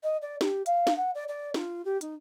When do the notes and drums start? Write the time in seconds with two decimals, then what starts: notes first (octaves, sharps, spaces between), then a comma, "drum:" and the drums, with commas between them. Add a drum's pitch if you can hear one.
0.03 D#5
0.22 D5
0.41 G4, drum: snare
0.66 F5, drum: hi-hat
0.87 drum: snare
0.97 F#5
1.15 D5
1.28 D5
1.54 F4, drum: snare
1.85 G4
2.01 D#4, drum: hi-hat